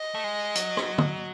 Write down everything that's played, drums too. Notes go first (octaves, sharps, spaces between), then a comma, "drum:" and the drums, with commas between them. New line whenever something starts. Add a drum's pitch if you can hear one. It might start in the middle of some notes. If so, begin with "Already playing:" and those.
Already playing: D#5
A3
G#3
F#3, drum: hi-hat
drum: rim click
drum: tom